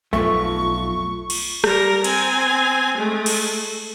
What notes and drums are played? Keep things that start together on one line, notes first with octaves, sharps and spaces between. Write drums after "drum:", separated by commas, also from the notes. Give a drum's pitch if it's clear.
B1 F2 A3 F4 C#6
drum: cymbal
G3 A#4, drum: rim click
C4 G#5, drum: cymbal
G#3 A3
drum: cymbal